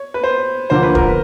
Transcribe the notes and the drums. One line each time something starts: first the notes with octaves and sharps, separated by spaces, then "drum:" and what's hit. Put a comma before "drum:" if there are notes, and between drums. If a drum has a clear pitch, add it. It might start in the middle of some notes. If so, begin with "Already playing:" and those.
Already playing: C#5
B4
C5
D2 D3 F3 A#3 D4 C5
B4
A#4, drum: kick
B4